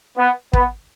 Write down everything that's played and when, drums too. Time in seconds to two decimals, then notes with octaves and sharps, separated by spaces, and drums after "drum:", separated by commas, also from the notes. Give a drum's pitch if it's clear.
0.18 B3
0.53 B3, drum: kick